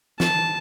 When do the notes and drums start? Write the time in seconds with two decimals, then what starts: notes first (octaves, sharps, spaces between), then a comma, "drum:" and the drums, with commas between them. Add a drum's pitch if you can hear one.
0.20 A5, drum: snare